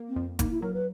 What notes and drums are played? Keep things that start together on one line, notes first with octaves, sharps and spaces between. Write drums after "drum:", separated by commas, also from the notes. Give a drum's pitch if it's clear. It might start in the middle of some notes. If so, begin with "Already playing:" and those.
Already playing: A#3
C4
F2
A#3 D#4, drum: kick F#1, hi-hat
E4
F#3 A#4
B4